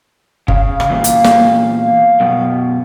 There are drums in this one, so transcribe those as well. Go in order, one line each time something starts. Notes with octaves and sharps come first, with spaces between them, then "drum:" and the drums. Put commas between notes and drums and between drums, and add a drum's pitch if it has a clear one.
C#3 F5, drum: kick
drum: rim click
E2 A#2
drum: hi-hat
drum: snare
F#2 B2